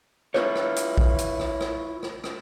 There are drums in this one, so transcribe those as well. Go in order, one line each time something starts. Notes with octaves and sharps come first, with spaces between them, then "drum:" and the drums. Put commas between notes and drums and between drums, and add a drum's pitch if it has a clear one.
E4 F4 B4 C#5, drum: rim click
drum: rim click
drum: hi-hat
drum: kick A#1
drum: hi-hat
drum: rim click
drum: rim click
drum: rim click
drum: rim click